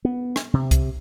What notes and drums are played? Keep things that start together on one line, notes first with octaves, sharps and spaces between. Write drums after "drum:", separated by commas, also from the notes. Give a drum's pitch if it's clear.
B3
drum: rim click
C3
drum: kick C2, hi-hat